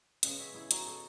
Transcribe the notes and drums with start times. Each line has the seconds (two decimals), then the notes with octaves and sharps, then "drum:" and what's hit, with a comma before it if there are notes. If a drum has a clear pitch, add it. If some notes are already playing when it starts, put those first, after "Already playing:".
0.23 C#3 G#3 B3 D#5 F#5, drum: hi-hat
0.39 C#5 E5
0.54 E4 G#4
0.71 D#4 F#4, drum: hi-hat
0.86 F#4 A4